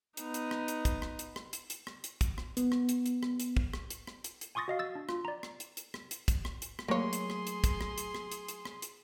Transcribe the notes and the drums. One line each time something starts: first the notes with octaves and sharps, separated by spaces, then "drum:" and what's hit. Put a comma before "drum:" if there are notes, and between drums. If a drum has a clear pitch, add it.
B3 D#4, drum: hi-hat
drum: hi-hat
drum: rim click
drum: hi-hat
drum: kick, hi-hat
drum: rim click
drum: hi-hat
drum: rim click
drum: hi-hat
drum: hi-hat
drum: rim click
drum: hi-hat
drum: kick, hi-hat
drum: rim click
B3, drum: hi-hat
drum: rim click
drum: hi-hat
drum: hi-hat
drum: rim click
drum: hi-hat
drum: kick
drum: rim click
drum: hi-hat
drum: rim click
drum: hi-hat
drum: hi-hat
G#5 C6 C#6 D#6 A6 A#6
F#4 D#5 F5
E6 A6
D4
F4, drum: rim click
D5 A#5
drum: rim click
drum: hi-hat
drum: hi-hat
drum: rim click
drum: hi-hat
drum: kick, hi-hat
drum: rim click
drum: hi-hat
drum: rim click
F#3 A3 A#3 G#4 C#5 C6
drum: hi-hat
drum: rim click
drum: hi-hat
drum: kick, hi-hat
drum: rim click
drum: hi-hat
drum: rim click
drum: hi-hat
drum: hi-hat
drum: rim click
drum: hi-hat